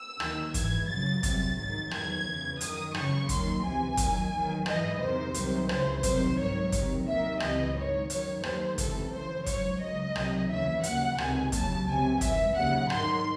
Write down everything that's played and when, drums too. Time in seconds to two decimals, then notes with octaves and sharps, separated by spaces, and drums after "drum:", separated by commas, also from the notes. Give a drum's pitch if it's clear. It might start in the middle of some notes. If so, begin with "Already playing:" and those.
Already playing: E6
0.20 D#2 D#3 F#3, drum: rim click
0.54 G#2 E3 G#6, drum: kick, hi-hat
0.88 F#2 C#3 F#3 A6
1.23 C2 C3 F#3 A6, drum: kick, hi-hat
1.58 G#2 D#3 F#3 A6
1.91 E2 D#3 F#3 G#6, drum: rim click
2.26 E2 C#3 E3
2.61 F#2 D#3 F#3 D#6, drum: hi-hat
2.94 E2 C#3 F#3 C#6, drum: rim click
3.29 D#2 D#3 F#3 C6, drum: kick, hi-hat
3.63 C#2 C3 E3 G#5
3.97 D#2 D#3 F#3, drum: kick, hi-hat
4.33 E2 D#3 F#3
4.66 G#2 E3 D#5, drum: rim click
5.00 E2 C3 D#3 C5
5.34 C2 C3 D#3 F#3, drum: hi-hat
5.69 C#2 C#3 E3 C5, drum: rim click
6.03 C2 C3 D#3 F#3 C5, drum: kick, hi-hat
6.38 G#2 D#3 F#3 C#5
6.72 C#2 C3 D#3 F#3, drum: kick, hi-hat
7.06 D#2 D#3 F#3 E5
7.40 C#2 C3 E3 D#5, drum: rim click
7.75 G#2 D#3 F#3 C#5
8.10 F#2 D#3 F#3 C#5, drum: hi-hat
8.43 D#2 D#3 F#3 C5, drum: rim click
8.78 C#2 C3 E3 A4, drum: kick, hi-hat
9.12 F#2 C#3 E3 C5
9.46 G#2 F#3 C#5, drum: kick, hi-hat
9.81 C#2 C#3 F#3 D#5
10.16 C2 C3 D#3 F#3, drum: rim click
10.49 D#2 C#3 E3 E5
10.83 D#2 C#3 F#3 F#5, drum: hi-hat
11.18 C#2 C3 D#3 G#5, drum: rim click
11.52 D#2 C#3 F#3 A5, drum: kick, hi-hat
11.86 C#2 C3 F#3 G#5
12.21 G#2 E3 E5, drum: kick, hi-hat
12.56 D#2 C#3 F#3 F#5
12.90 G#2 D#3 F#3 C6, drum: rim click